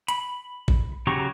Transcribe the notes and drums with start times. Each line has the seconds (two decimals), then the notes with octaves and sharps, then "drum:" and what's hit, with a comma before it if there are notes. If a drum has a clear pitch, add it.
0.08 B5, drum: hi-hat
0.68 drum: kick A1
1.07 C#3 F#3 G4 A#5 C#6